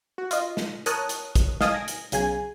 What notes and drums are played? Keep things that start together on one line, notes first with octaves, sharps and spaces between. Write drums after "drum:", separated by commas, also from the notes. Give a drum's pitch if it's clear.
F#4
F4 D#5, drum: hi-hat
drum: snare
A#4 C#5 A5 D#6 F#6, drum: hi-hat
drum: hi-hat
drum: kick, hi-hat
D#5 F5 G#5 A5 D#6, drum: snare
G#5 A#6 D7
drum: hi-hat
B1 C#3 G#4 G#5, drum: hi-hat